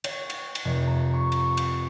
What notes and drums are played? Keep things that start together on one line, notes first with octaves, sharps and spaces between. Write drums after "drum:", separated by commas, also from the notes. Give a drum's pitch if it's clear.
C#5, drum: cymbal
drum: cymbal
drum: cymbal
F1
A#5
C#6
drum: cymbal
drum: cymbal